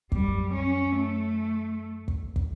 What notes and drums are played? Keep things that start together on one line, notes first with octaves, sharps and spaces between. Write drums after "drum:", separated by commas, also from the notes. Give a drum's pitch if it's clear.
F#2 G3, drum: kick
C#4
A3
drum: kick
drum: kick